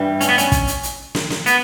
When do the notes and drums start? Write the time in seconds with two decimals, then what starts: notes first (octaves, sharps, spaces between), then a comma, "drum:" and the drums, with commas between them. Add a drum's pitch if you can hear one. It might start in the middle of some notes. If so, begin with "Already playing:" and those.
Already playing: G2 E3 G3
0.21 C#4, drum: hi-hat
0.29 B3
0.38 C#4, drum: hi-hat
0.52 drum: kick, hi-hat
0.67 drum: hi-hat
0.83 drum: hi-hat
1.15 drum: snare
1.30 drum: snare
1.46 B3, drum: hi-hat